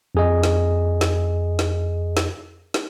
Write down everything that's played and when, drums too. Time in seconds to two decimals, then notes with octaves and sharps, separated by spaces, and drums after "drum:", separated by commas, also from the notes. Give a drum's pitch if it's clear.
0.15 F2 G#4 D#5
0.43 drum: snare
1.01 drum: snare
1.59 drum: snare
2.17 drum: snare
2.74 drum: snare